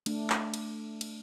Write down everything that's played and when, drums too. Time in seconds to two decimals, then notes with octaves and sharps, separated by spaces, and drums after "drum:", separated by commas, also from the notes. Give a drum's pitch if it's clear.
0.06 A3 D4, drum: cymbal
0.30 drum: clap
0.54 drum: cymbal
1.01 drum: cymbal